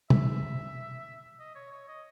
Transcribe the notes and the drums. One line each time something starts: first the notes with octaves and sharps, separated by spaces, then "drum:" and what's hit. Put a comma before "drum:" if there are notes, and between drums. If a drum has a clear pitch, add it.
E5, drum: tom B2
D#5
C#5
C#5
D#5